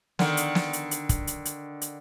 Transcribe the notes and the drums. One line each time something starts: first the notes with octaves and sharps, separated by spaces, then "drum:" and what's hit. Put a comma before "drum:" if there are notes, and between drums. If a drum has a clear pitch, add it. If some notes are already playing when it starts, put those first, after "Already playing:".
D3 D#3, drum: snare
drum: hi-hat
drum: snare
drum: hi-hat
drum: hi-hat
drum: kick, hi-hat
drum: hi-hat
drum: hi-hat
drum: hi-hat